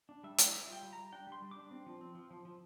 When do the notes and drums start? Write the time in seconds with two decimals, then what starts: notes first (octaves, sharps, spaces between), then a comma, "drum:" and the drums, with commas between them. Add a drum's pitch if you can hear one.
0.09 D4
0.23 G3 E5
0.38 G3, drum: hi-hat
0.53 G3 E5
0.67 F4
0.72 G5
0.83 G3
0.93 A#5
0.98 G3
1.12 D4 G5
1.27 G3
1.32 C6
1.42 G3
1.51 D6
1.56 D4
1.71 C4
1.86 F3
2.01 C4
2.15 F3
2.30 F3
2.45 F3